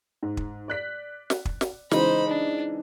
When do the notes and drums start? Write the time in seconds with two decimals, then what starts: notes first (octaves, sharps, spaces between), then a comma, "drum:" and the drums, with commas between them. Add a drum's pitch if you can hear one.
0.23 G#2
0.37 drum: kick
0.68 D5 F#6 B6
1.30 drum: snare
1.45 drum: kick
1.61 drum: snare
1.91 C#3 E3 G#3 D#4 C5 B5, drum: snare
2.28 D4